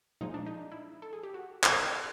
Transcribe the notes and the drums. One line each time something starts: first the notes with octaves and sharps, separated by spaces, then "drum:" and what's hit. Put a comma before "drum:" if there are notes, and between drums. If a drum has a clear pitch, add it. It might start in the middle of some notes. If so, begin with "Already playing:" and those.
A#2 F3 G#3 D#4
D4
D#4
E4
A4
G#4
G4
F#4
B4, drum: clap
A#4
G4